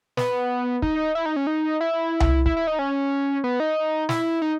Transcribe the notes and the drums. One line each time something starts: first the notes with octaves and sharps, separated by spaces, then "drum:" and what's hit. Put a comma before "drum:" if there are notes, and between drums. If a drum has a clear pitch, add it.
B3, drum: snare
D#4, drum: kick
E4
D#4
C#4
D#4
E4
drum: tom C2
E4, drum: kick
E4
D#4
C#4
B3
D#4
E4, drum: snare
D#4